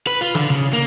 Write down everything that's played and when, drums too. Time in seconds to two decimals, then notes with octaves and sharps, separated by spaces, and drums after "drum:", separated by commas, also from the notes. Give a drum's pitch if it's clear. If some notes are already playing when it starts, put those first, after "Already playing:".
0.07 B4
0.21 F4
0.35 D3, drum: tom C#3
0.50 C#3
0.73 A#3